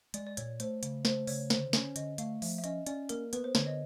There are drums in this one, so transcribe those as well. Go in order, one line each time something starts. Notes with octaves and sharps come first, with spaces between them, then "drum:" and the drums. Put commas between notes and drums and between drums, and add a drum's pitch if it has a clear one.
G#3 D5, drum: hi-hat
D5
A#2 C#5, drum: hi-hat
A3 C5, drum: hi-hat
C#3, drum: hi-hat
A3 C5, drum: snare
C#3 C#5, drum: open hi-hat
D3 C5, drum: snare
C#4 C#5, drum: snare
D3 D#5, drum: hi-hat
A3 F5, drum: hi-hat
F3 E5, drum: open hi-hat
E5
C#4 D#5, drum: hi-hat
C#4 D5, drum: hi-hat
A#3 A#4, drum: hi-hat
B3 B4, drum: hi-hat
C5
D3 C#5, drum: snare
D#5